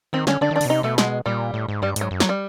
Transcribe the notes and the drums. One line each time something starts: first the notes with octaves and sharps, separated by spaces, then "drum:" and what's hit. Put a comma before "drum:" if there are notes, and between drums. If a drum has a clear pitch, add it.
D#3 C4
D3 C#4, drum: snare
D3 D4
D#3
D4
D3, drum: open hi-hat
B2
C3 D#4
B2 A3
G#3, drum: snare
A#2 G3
A2
G#2
G2 G3
G#2 F#3, drum: hi-hat
F#2
F#3, drum: snare
G3